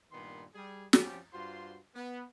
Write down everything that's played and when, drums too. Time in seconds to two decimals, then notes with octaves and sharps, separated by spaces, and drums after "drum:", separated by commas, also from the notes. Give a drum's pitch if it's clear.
0.11 G2 A#2 D#3 B3 C6
0.55 G3 G#4
0.93 F3 C4 C#4 F#4 G4, drum: snare
1.33 G2 F4 F#4 C5 C6
1.94 B3